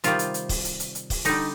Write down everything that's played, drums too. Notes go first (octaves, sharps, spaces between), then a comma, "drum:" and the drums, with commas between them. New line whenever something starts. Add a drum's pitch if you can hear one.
C3 D#3 G3 F4, drum: hi-hat
drum: hi-hat
drum: hi-hat
drum: kick, open hi-hat
drum: hi-hat
drum: hi-hat
drum: hi-hat
drum: kick, open hi-hat
D3 G3 D#4, drum: hi-hat